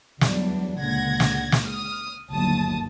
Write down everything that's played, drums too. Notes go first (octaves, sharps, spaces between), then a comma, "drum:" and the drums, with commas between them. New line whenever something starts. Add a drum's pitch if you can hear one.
E2 F#3 G3 D4, drum: snare
C#2 A#2 D3 F#5 G#6 A#6
drum: snare
drum: snare
D#6 F6
G1 D#2 F#3 A5 D#6